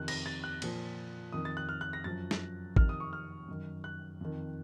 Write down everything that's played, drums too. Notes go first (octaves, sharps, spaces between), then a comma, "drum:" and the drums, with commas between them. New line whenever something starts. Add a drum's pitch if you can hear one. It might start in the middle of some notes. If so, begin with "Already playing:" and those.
Already playing: F2 C3 D#3 F#6
A#6, drum: cymbal
A6
F#6
A#2 F3, drum: cymbal
F2 D#3 D#6
A6
F#6
F6
F#6
A#6
F#2 F3 A6
drum: snare
F2 C3 D#3 F6, drum: kick A1
D#6
C#6
F6
F#2 D#3
F#6
F2 D#3